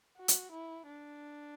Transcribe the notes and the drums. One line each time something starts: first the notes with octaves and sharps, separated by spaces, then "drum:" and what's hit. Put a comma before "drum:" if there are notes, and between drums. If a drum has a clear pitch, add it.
F#4
drum: hi-hat
E4
D4